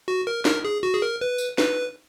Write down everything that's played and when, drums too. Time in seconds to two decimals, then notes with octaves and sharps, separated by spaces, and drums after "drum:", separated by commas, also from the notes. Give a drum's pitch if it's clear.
0.08 F#4
0.27 A#4
0.45 A#4, drum: snare
0.64 G#4
0.83 F#4
0.94 G#4
1.02 A#4
1.21 B4
1.38 drum: tambourine
1.58 B4, drum: snare